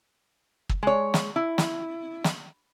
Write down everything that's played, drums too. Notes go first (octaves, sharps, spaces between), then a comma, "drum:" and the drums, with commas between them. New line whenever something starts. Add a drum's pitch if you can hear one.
drum: kick
G#3 C#5
drum: snare
E4
drum: snare
drum: snare